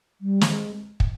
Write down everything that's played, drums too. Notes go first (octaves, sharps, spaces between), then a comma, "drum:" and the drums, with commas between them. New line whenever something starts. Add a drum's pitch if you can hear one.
G3
A3, drum: snare
G#3
drum: kick